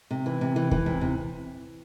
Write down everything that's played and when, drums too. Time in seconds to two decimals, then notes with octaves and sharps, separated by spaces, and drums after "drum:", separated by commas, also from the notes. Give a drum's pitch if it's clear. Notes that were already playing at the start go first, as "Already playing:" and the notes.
0.11 C3
0.26 E3
0.41 C3
0.56 E3
0.71 E3, drum: kick D#2
0.86 C3
1.01 C3